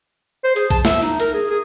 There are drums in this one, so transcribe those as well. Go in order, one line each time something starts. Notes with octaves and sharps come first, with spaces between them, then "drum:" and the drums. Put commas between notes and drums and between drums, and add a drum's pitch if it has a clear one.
C5
G#4, drum: hi-hat
A5, drum: kick A#1, hi-hat
E5, drum: snare
D#4, drum: hi-hat
A#4, drum: hi-hat
G#4
G#4